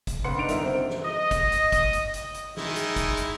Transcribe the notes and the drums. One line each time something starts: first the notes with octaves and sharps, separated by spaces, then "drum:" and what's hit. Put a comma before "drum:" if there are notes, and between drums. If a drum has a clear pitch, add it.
drum: kick, hi-hat
C#3 B3 F#5 C6 C#7
B3 D4 D#4 D7 F7
G1 A#4 E5, drum: hi-hat
C4 C5
drum: snare
D#5
drum: kick, hi-hat
drum: hi-hat
drum: kick, hi-hat
drum: hi-hat
drum: hi-hat
drum: hi-hat
D#3 G#3 E4, drum: snare
drum: hi-hat
drum: kick, hi-hat
drum: hi-hat